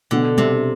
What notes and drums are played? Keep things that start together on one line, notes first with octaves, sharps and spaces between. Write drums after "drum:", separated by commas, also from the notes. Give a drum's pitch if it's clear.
B2 D3
C3 G3 D4, drum: tom G3